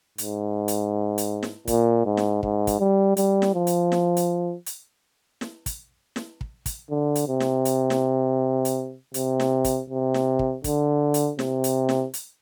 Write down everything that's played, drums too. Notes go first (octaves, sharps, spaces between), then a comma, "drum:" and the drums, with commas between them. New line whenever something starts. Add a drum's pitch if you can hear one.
G#2, drum: hi-hat
drum: hi-hat
drum: hi-hat
drum: snare
A#2, drum: kick, hi-hat
G#2
drum: snare
G#2, drum: kick
drum: kick, hi-hat
G3
G3, drum: hi-hat
drum: snare
F3
drum: hi-hat
drum: snare
drum: hi-hat
drum: hi-hat
drum: snare
drum: kick, hi-hat
drum: snare
drum: kick
drum: kick, hi-hat
D3
drum: hi-hat
C3
drum: snare
drum: hi-hat
drum: snare
drum: hi-hat
C3, drum: hi-hat
drum: snare
drum: kick, hi-hat
C3
drum: snare
drum: kick
D3, drum: kick, hi-hat
drum: hi-hat
C3, drum: snare
drum: hi-hat
drum: snare
drum: hi-hat